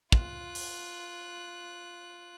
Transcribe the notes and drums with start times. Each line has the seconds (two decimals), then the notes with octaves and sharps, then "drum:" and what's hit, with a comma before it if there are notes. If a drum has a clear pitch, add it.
0.12 F4 F#6, drum: kick
0.55 drum: open hi-hat